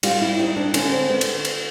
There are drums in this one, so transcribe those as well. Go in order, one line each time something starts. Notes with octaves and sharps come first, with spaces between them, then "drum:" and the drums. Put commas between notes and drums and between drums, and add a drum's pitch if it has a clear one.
G3 F4, drum: cymbal
E4
G3 D#4
D4
D3 C#4, drum: cymbal
C4
D3 B3
drum: cymbal
drum: cymbal